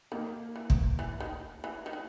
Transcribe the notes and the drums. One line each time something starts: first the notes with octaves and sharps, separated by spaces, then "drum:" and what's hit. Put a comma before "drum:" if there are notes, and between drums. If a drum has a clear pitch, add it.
D#3 A#3
E3
drum: kick
E3
D#3
E3
D#3
E3